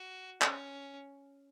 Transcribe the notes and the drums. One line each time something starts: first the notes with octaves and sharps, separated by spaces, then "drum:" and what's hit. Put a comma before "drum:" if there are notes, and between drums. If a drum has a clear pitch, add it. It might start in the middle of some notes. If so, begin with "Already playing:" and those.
Already playing: F#4
C#4, drum: clap